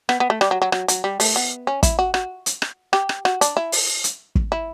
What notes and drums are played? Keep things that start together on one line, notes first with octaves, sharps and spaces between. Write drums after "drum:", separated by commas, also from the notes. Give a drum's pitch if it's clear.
B3, drum: rim click
B3
A3
G3, drum: rim click
F#3
F#3
F#3, drum: rim click
F#3, drum: hi-hat
G3
A3, drum: open hi-hat
B3
C#4
E4, drum: kick, hi-hat
F#4
F#4, drum: rim click
drum: hi-hat
drum: rim click
G4, drum: rim click
drum: rim click
F#4, drum: rim click
D4, drum: hi-hat
E4
drum: open hi-hat
drum: hi-hat
drum: kick
E4